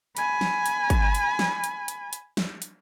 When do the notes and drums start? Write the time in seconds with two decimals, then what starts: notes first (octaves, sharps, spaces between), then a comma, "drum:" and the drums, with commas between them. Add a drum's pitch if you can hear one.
0.17 G#5 B5, drum: hi-hat
0.41 drum: snare
0.66 drum: hi-hat
0.90 drum: kick, hi-hat
1.15 drum: hi-hat
1.39 drum: snare
1.64 drum: hi-hat
1.88 drum: hi-hat
2.13 drum: hi-hat
2.37 drum: snare
2.62 drum: hi-hat